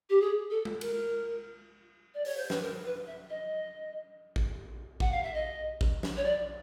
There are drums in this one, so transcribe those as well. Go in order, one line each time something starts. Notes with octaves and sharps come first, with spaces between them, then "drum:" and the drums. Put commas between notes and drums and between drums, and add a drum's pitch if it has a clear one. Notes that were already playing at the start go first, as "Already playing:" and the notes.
G4
G#4
A4
drum: tom G#3
A#4, drum: cymbal
D5
C#5, drum: open hi-hat
C5
B4, drum: snare
A#4
B4
E5
D#5
drum: kick G#1
F#5, drum: kick G#1
F5
E5
D#5
drum: kick G#1
drum: snare
C#5
D5